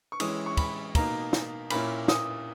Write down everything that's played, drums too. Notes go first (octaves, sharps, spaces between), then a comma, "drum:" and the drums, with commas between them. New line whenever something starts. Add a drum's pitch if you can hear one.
C#6
E3 G#3 C#4 E4 D#6, drum: cymbal
C#6
B5, drum: kick, cymbal
B2 A#3 D#4 A#5, drum: kick, cymbal
drum: snare
A#2 A#3 C#4 E4 B5, drum: cymbal
D#6, drum: snare